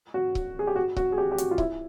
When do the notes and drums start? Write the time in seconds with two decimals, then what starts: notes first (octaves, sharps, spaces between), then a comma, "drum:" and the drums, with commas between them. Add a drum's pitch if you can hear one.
0.14 F#4
0.35 drum: kick C#1
0.59 G#4
0.67 G4
0.76 F#4
0.96 F#4, drum: kick C#1
1.12 G#4
1.18 G4
1.32 G4
1.38 F#4, drum: hi-hat
1.51 F4
1.58 E4, drum: kick C#1